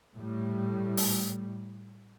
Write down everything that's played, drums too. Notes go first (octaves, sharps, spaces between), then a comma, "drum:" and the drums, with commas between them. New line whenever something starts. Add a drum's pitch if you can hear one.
A2 G3
drum: open hi-hat